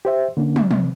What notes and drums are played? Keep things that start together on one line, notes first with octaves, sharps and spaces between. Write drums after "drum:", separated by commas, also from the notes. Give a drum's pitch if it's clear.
G4 C5 E5
D3 A#3 C#4 D4
drum: tom
C3, drum: tom